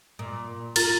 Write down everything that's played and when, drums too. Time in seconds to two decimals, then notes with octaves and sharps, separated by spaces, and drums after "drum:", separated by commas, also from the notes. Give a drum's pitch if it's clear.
0.19 A#2
0.76 F4 A#4 A6, drum: cymbal